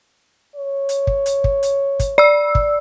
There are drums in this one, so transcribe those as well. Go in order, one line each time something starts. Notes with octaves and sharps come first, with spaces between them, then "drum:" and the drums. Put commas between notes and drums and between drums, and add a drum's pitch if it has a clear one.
C#5
drum: hi-hat
drum: kick
drum: hi-hat
drum: kick
drum: hi-hat
drum: kick, hi-hat
D5 E6
drum: kick